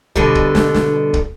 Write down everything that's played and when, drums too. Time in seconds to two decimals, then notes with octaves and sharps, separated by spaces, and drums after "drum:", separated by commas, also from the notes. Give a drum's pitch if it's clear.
0.16 B2 D3 G3, drum: kick
0.35 drum: kick
0.55 drum: snare
0.74 drum: snare
1.14 drum: kick